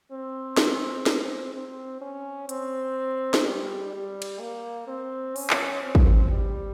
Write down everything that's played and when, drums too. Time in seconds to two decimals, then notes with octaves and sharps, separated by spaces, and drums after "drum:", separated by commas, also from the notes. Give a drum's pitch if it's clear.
0.12 C4
0.57 drum: snare
1.06 C4, drum: snare
1.54 C4
2.01 C#4
2.49 C4, drum: hi-hat
3.34 drum: snare
3.45 G3
3.93 G3
4.22 drum: cymbal
4.40 A#3
4.87 C4
5.36 C#4, drum: open hi-hat
5.50 drum: clap
5.82 C4
5.95 drum: kick
6.30 G3